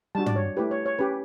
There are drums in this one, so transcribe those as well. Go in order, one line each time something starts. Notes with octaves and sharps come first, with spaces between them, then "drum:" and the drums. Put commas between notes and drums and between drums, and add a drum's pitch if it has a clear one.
G3 D4 F#4 A5
D5, drum: tom
C#5
A3 E4 G4 B4
C#5
C#5
C#4 G4 B4